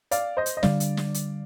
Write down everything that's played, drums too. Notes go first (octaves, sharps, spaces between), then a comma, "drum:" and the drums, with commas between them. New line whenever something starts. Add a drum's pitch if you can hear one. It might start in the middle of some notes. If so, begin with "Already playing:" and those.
D5 F5, drum: hi-hat
C5 D#5
drum: hi-hat
D#5
D3 G3 D4 D5 F5, drum: snare
drum: hi-hat
drum: snare
drum: hi-hat